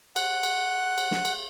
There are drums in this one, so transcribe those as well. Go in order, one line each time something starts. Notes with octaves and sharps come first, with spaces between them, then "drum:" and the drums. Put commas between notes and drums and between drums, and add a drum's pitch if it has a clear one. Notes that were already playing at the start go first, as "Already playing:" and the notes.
F#5, drum: cymbal
drum: cymbal
drum: cymbal
drum: snare
drum: cymbal